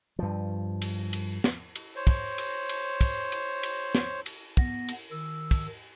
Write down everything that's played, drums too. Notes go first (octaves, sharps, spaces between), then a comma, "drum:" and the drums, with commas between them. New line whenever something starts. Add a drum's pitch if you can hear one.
G2 F3
drum: cymbal
drum: cymbal
drum: snare
drum: cymbal
C5 C#5
drum: kick, cymbal
drum: cymbal
drum: cymbal
drum: kick, cymbal
drum: cymbal
drum: cymbal
drum: snare
drum: cymbal
B3 A#6, drum: kick
drum: cymbal
D#3 E6
drum: kick, cymbal